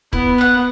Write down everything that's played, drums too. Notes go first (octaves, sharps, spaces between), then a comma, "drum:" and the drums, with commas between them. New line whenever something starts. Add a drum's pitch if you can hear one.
B3 E4, drum: kick
B4 F#5